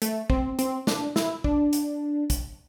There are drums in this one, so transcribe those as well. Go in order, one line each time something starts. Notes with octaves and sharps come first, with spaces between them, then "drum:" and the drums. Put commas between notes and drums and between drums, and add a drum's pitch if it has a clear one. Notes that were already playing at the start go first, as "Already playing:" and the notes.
A3, drum: hi-hat
C4, drum: kick
C4, drum: hi-hat
D4, drum: snare
E4, drum: snare
D4, drum: kick
drum: hi-hat
drum: kick, hi-hat